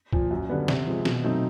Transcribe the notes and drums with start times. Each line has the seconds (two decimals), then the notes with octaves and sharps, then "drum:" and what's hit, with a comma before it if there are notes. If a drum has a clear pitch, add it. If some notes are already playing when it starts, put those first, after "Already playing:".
0.13 A#2 F3, drum: kick C2
0.31 F#2
0.49 D3 G3 B3
0.68 C3, drum: snare
0.87 F3 G#3
1.05 B2, drum: snare
1.24 F#3 A3 C4 D#4